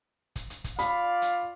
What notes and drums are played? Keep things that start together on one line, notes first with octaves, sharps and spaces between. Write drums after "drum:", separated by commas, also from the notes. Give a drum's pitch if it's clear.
drum: kick, hi-hat
drum: hi-hat
drum: kick, hi-hat
F4 D5 F5 B5, drum: hi-hat
drum: hi-hat